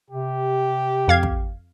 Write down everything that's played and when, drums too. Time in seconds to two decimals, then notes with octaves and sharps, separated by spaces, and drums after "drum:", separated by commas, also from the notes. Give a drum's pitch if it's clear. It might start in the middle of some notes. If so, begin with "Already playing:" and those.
0.10 C3 G4
1.08 F2 F5 G#6
1.23 drum: kick